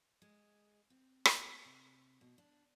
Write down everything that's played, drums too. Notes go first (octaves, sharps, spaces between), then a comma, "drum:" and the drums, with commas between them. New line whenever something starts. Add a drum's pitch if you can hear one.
G#3
C4
drum: rim click
C3
B2
D4